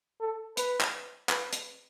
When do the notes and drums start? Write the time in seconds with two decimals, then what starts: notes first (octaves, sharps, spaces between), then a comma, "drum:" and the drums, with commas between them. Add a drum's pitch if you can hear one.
0.21 A4
0.57 B4, drum: hi-hat
0.81 drum: clap
1.29 B4, drum: clap
1.53 drum: hi-hat